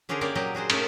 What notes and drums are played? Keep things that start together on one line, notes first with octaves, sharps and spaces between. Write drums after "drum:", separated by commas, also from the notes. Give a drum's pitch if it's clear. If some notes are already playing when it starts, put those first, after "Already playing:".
D3 C#4 D4 G#4 A#4 C5
A#3 C#4 G4 A#4 D5 D#5
A#2 F#3 G4 D#5
D4 F#4 G#4 C5
A3 C#4 D#4 A#4, drum: cymbal